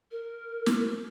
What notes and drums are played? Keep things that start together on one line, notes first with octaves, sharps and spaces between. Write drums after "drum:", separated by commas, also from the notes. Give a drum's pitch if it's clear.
A#4
drum: snare